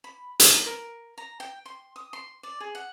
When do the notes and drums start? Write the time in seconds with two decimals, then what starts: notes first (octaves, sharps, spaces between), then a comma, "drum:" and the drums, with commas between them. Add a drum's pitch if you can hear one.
0.04 B5
0.40 A#5, drum: hi-hat
0.66 A#4
1.18 A#5
1.40 G5
1.66 C6
1.96 D#6
2.13 C6
2.43 D5
2.60 G#4
2.75 F#5